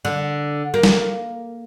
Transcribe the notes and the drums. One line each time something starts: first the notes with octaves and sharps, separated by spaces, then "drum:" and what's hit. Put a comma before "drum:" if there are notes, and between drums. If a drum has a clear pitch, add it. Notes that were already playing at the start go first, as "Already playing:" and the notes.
D3
A#3
drum: snare